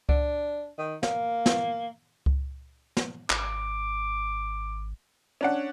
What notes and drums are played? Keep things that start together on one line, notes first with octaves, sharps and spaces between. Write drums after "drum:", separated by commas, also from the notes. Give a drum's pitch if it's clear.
D4, drum: kick C#2
D#3
A#3, drum: snare
drum: snare
drum: kick C#2
drum: snare
G#1 D6, drum: clap
C#4 D4 F#5